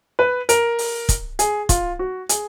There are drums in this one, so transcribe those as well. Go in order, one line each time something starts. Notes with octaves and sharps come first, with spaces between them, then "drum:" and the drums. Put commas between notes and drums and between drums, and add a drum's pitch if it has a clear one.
B4
A#4, drum: hi-hat
drum: open hi-hat
drum: kick, hi-hat
G#4, drum: hi-hat
F4, drum: kick, hi-hat
F#4
G#4, drum: hi-hat